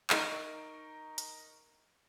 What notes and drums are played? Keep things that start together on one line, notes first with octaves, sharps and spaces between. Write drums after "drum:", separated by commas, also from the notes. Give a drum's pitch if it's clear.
D#4 A#4 C#6 D7, drum: clap
drum: hi-hat